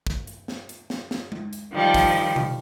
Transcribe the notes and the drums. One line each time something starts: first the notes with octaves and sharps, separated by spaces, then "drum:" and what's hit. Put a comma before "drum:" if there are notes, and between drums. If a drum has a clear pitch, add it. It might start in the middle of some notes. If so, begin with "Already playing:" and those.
drum: kick
drum: hi-hat
drum: snare
drum: hi-hat
drum: snare
drum: snare
drum: tom G#3
drum: hi-hat
D#3 F3 G3
drum: kick, open hi-hat
drum: tom B2